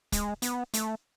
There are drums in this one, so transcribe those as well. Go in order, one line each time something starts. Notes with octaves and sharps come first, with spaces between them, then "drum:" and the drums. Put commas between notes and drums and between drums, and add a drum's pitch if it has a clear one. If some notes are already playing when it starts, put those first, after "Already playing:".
G#3, drum: kick, hi-hat
B3, drum: hi-hat
A3, drum: hi-hat